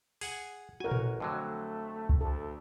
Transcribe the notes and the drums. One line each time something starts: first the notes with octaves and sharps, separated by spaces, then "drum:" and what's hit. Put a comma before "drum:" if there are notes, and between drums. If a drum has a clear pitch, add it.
G#4 F#5 G#5, drum: open hi-hat
A1 F#4 A#4 G#5
drum: tom A#2
F2 D3 F#3 A3
drum: kick C2
D2 A4